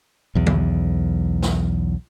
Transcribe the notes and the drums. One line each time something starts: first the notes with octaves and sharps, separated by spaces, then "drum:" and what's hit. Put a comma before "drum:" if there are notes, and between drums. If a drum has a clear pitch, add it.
B1 E2
drum: tom
drum: snare